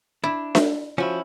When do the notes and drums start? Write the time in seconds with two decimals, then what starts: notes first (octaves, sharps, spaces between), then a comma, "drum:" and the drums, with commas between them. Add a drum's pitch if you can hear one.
0.24 D4 E4
0.55 E5, drum: snare D4
0.98 F3 C#4 E4 F#4